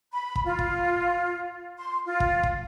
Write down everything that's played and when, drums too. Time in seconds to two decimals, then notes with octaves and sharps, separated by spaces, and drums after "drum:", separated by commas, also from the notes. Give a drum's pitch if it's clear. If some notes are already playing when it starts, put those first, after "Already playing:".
0.12 B5
0.36 drum: kick
0.45 F4
0.59 drum: kick
1.78 C6
2.06 F4
2.20 drum: kick
2.43 drum: kick